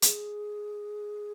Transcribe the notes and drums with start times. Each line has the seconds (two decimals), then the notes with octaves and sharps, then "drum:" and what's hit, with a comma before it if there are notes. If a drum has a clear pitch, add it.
0.02 G#4, drum: hi-hat